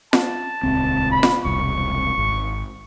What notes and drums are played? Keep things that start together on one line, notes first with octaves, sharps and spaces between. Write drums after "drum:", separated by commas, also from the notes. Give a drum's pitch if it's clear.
A5, drum: snare F4
D#1 C#2 C4
B5
drum: snare F4
E1 C2 C#6
G#1